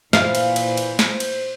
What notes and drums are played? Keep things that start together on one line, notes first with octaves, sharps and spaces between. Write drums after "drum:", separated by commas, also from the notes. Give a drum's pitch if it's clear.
A#2 E3 C5 F5, drum: snare
drum: cymbal
drum: cymbal
drum: cymbal
drum: snare
drum: cymbal